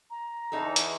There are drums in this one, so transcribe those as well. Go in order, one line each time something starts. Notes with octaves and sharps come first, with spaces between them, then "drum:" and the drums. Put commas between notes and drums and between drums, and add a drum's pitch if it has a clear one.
A#5
E2 D#4 G#4 A4
drum: hi-hat